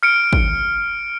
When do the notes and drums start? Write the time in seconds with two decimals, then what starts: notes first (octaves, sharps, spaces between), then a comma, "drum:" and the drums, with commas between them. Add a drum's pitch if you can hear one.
0.03 F6 C#7 D7
0.33 drum: kick